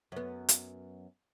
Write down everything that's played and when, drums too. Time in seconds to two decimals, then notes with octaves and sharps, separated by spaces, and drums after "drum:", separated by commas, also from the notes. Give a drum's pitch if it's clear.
0.12 F#2 B3
0.49 drum: hi-hat